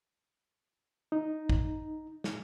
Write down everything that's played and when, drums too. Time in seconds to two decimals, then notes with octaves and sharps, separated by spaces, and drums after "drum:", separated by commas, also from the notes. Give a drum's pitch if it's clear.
1.12 D#4
1.49 drum: kick
2.24 drum: snare